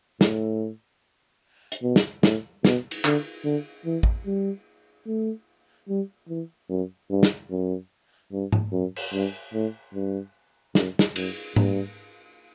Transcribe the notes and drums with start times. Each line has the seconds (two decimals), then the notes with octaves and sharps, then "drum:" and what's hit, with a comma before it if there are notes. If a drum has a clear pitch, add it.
0.21 A2, drum: snare
1.72 drum: hi-hat
1.83 B2
1.96 drum: snare
2.23 A2, drum: snare
2.65 B2, drum: snare
2.91 drum: cymbal
3.05 D3, drum: clap
3.45 D3
3.86 E3
4.03 drum: kick A1
4.26 G3
5.07 A3
5.89 G3
6.29 E3
6.70 F#2
7.11 G2
7.23 drum: snare
7.51 F#2
8.32 G2
8.53 drum: tom G#2
8.72 F#2
8.96 drum: cymbal
9.13 G2
9.54 A2
9.94 G2
10.75 F#2, drum: snare
10.99 drum: snare
11.16 F#2, drum: cymbal
11.56 G2, drum: tom G#2